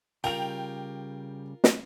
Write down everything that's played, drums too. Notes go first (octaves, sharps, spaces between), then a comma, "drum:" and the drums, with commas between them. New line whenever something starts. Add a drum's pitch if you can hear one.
C#3 G3 F4 A#4 G5 F7
drum: snare